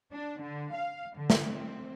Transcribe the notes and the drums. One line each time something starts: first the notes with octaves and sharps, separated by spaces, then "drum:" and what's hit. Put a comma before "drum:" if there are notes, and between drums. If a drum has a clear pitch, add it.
D4
D3
F5
D3
drum: snare
C4